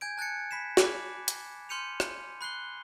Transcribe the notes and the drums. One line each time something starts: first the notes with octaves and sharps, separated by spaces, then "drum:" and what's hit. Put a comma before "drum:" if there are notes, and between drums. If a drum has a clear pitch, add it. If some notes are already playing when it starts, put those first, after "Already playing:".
G#5 G6 G#6 D7
A5 F#6 G#6 A6 C#7
B5 B6 C7 E7
B5 D6, drum: snare
drum: hi-hat
C6 F6 G6 C#7 D#7 F7
drum: rim click
B5 F#6 C7 G7